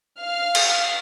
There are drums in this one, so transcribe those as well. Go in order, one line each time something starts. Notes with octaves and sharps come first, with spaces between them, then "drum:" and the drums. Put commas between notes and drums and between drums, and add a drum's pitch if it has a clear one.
F5 F6
drum: cymbal